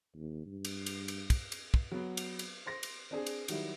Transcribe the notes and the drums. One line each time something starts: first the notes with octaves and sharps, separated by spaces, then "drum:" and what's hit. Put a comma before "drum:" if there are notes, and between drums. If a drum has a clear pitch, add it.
D#2
G2
drum: cymbal
drum: cymbal
drum: cymbal
drum: kick, cymbal
drum: cymbal
drum: kick
F#3 B3
drum: cymbal
drum: cymbal
C5 C6 A#6
drum: cymbal
C4 D4 G#4
drum: cymbal
D#3 F#3 G3 E4, drum: cymbal